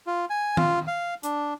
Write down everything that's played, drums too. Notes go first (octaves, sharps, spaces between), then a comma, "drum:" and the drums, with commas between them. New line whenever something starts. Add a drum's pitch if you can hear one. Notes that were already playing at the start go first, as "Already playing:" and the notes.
F4
G#5
F4, drum: tom D#3
F5
D4, drum: hi-hat